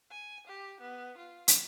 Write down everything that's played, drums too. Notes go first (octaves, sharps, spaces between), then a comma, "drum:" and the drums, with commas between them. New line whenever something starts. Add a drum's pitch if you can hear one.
G#5
G4
B3
F4
drum: hi-hat